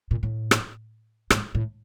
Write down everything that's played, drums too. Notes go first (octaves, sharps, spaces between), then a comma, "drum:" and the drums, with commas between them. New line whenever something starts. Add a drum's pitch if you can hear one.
A#2
A2
drum: rim click
G#2, drum: rim click
A2